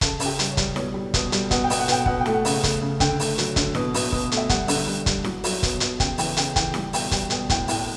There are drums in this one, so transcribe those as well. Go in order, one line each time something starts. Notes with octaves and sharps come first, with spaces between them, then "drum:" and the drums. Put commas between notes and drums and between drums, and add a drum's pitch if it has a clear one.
C#3 A4, drum: kick, hi-hat
C#3, drum: open hi-hat
G4
G3, drum: hi-hat
C#5
G3, drum: kick, hi-hat
B2 C#5, drum: snare E4
G3
B2, drum: kick, hi-hat
G3, drum: hi-hat
B2 F#5, drum: kick, hi-hat
G5
B2, drum: open hi-hat
F#5
B2 G5, drum: hi-hat
B2 F#5, drum: kick
G5
A3, drum: snare E4
F#5
C#3, drum: open hi-hat
A3, drum: kick, hi-hat
C#3
D3 G5, drum: kick, hi-hat
A3, drum: open hi-hat
F#3, drum: hi-hat
D3, drum: kick, hi-hat
B2, drum: snare E4
B2, drum: open hi-hat
B2, drum: kick
A3, drum: hi-hat
E5
G3 F#5, drum: kick, hi-hat
D3, drum: open hi-hat
G3
G3, drum: kick, hi-hat
F#3, drum: snare E4
F#3, drum: open hi-hat
B2, drum: kick, hi-hat
B2, drum: hi-hat
C#3 G5, drum: kick, hi-hat
E3 G5, drum: open hi-hat
C#3 G5, drum: hi-hat
E3 G5, drum: kick, hi-hat
G3 G5, drum: snare E4
B2 G5, drum: open hi-hat
G3 G5, drum: kick, hi-hat
B2 G5, drum: hi-hat
A2 G5, drum: kick, hi-hat
A2 G5, drum: open hi-hat